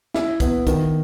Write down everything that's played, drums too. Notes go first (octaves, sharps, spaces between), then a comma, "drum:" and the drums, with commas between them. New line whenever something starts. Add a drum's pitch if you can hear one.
E4, drum: snare
B3, drum: kick, hi-hat
D#3, drum: kick, hi-hat